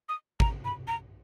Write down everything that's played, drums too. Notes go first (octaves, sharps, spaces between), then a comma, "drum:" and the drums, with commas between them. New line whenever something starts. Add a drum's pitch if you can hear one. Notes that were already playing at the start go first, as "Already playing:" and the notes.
D#6
A#5, drum: kick
B5
A#5